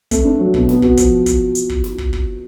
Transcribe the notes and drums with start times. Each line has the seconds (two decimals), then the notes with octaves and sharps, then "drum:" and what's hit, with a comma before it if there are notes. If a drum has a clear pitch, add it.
0.11 A3, drum: kick, hi-hat
0.24 D4
0.39 F#3
0.54 B2, drum: kick
0.69 B3, drum: snare
0.82 F#4, drum: kick
0.97 F3, drum: kick, hi-hat
1.26 drum: kick, hi-hat
1.55 drum: hi-hat
1.69 drum: kick
1.84 drum: snare
1.98 drum: kick
2.13 drum: kick